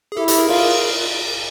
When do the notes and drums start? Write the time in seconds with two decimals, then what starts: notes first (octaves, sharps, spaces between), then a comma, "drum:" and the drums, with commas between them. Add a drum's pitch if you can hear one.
0.12 G#4
0.17 E4 G4 A4
0.28 G4 A4, drum: hi-hat
0.38 G#4 A#4
0.49 F4, drum: cymbal